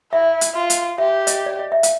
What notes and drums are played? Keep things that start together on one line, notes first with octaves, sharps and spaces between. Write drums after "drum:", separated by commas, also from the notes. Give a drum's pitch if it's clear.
E4 E5
drum: hi-hat
F4
drum: hi-hat
G4 E5
D#5, drum: hi-hat
D5
D#5
E5
F5, drum: hi-hat